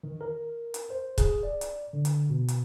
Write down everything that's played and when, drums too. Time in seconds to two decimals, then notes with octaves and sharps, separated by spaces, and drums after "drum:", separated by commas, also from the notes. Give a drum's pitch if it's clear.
0.03 D#3
0.21 A#4
0.74 drum: hi-hat
0.90 C5
1.18 G#4, drum: kick C#1, hi-hat
1.43 D5
1.61 drum: hi-hat
1.93 D3
2.05 drum: hi-hat
2.30 B2
2.48 drum: hi-hat